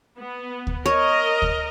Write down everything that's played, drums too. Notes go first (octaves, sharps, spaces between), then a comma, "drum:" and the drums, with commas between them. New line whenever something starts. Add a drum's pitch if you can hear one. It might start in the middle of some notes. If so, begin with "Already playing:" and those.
B3
drum: kick D2
A#4 C#5 D#5
drum: kick D2